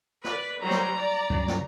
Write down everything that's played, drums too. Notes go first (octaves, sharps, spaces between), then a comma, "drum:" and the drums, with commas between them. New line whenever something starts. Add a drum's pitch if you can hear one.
B4 D5, drum: snare
F#3 G3 C5 A#5
drum: snare
D5
G2 C#3 F#3, drum: kick C#2
drum: snare